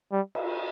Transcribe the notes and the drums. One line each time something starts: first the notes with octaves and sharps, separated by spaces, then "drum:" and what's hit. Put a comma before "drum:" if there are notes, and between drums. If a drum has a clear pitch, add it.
G3
drum: cymbal